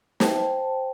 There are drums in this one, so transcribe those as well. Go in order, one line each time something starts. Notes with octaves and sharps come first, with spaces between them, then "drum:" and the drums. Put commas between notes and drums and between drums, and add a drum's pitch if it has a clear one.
C5 G5 A5, drum: snare